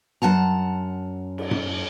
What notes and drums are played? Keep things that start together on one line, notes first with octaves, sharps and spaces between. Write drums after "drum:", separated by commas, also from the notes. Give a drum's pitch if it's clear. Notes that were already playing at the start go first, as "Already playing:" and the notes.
F#2 F#5 A5 A#5
drum: cymbal
drum: tom F#2